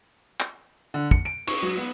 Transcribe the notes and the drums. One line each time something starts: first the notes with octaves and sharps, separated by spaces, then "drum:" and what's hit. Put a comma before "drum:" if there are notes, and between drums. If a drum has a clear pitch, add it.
drum: clap
D3
C#7, drum: kick
D7
C#6, drum: cymbal
F#3
B3